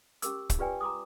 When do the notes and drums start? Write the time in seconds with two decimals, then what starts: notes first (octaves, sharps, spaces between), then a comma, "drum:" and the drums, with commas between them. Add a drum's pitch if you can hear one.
0.22 C#4 G4 A#4 D6 E6, drum: hi-hat
0.50 drum: kick, hi-hat
0.59 F4 G4 B4 D5 G5 G#5
0.81 A#5 C6 D6 D#6